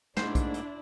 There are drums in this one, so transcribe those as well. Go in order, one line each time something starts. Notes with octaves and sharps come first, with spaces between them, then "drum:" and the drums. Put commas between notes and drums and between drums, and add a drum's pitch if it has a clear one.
G#2 A3 A#3 D4 E4 C5, drum: snare
drum: kick, hi-hat
drum: hi-hat